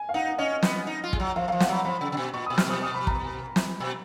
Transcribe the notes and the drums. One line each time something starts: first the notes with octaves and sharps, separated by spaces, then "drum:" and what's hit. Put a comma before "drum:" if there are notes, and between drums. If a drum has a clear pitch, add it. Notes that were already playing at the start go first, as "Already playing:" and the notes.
Already playing: G#5
F5
D#4 F#5
C#4 D#5
B3, drum: snare
D#4
F4
G#3, drum: kick
F#3
F3 F5
F3 F#3 F5
F#5, drum: snare
F#3 B5
F3 B5
C#3
C#3
B2
A#2 C#6
B2 D#6
F6, drum: snare
B2 D#6
D#6
B5
A#5, drum: kick
drum: snare
B2